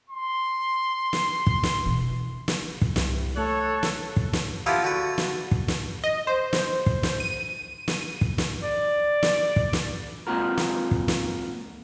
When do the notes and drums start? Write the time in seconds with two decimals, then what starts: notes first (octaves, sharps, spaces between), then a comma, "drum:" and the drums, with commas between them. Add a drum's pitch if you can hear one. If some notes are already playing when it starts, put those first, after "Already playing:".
0.10 C6
1.13 drum: snare
1.47 drum: kick
1.63 drum: snare
1.86 B2 E3
2.48 drum: snare
2.82 drum: kick
2.96 C2, drum: snare
3.36 A3 A4 C#5 F#6
3.83 drum: snare
4.16 drum: kick
4.33 drum: snare
4.66 F3 A#3 B3 E4 G4
4.82 D3 F#4 B4
5.18 drum: snare
5.51 drum: kick
5.68 drum: snare
6.04 D#5
6.27 C5
6.53 drum: snare
6.86 drum: kick
7.03 drum: snare
7.20 D#7
7.88 drum: snare
8.21 drum: kick
8.38 drum: snare
8.62 D5
9.23 drum: snare
9.56 drum: kick
9.73 drum: snare
10.27 G#3 A#3 C4 F4 F#4 A#4
10.58 drum: snare
10.91 drum: kick
11.08 drum: snare